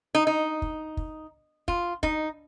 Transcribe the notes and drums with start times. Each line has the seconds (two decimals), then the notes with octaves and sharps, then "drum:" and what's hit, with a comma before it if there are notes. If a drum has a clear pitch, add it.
0.15 D#4
0.27 D#4
0.62 drum: kick
0.97 drum: kick
1.68 F4, drum: kick
2.03 D#4, drum: kick